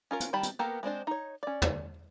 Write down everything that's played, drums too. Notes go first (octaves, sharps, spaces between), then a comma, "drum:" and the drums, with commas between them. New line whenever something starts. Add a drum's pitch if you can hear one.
C#4 F4 A#4
drum: hi-hat
D#3 G3 G4 A5 B5
drum: hi-hat
A#3 B3 G4 A4 A#4
G#3 C4 D4 C5
D#4 C#5
C#4 D5
drum: tom